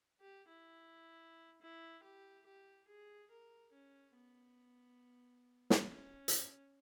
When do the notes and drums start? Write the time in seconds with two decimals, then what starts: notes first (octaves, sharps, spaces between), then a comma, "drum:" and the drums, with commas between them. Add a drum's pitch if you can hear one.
0.20 G4
0.48 E4
1.61 E4
2.04 G4
2.46 G4
2.88 G#4
3.30 A#4
3.73 C#4
4.15 B3
5.70 drum: snare
5.84 C#4
6.28 drum: hi-hat